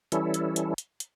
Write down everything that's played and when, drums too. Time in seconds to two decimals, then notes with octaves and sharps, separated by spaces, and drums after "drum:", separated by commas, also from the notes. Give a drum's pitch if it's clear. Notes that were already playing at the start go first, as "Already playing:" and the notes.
0.12 E3 G3 C#4 E4 A4, drum: hi-hat
0.34 drum: hi-hat
0.56 drum: hi-hat
0.78 drum: hi-hat
1.00 drum: hi-hat